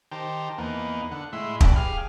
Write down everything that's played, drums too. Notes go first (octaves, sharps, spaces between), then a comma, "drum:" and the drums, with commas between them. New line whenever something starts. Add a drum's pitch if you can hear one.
D#3 G4 C5 A5 A#5
E2 A#3 B3 D#4
D3 F#5
A2 G#3 E4 E5 C6
D4 G4 B4, drum: kick
G4 G#4 F5 F6